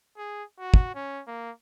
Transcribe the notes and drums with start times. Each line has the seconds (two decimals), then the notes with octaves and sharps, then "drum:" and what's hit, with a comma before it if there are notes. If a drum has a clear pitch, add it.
0.17 G#4
0.60 F#4
0.74 drum: kick
0.95 C#4
1.27 A#3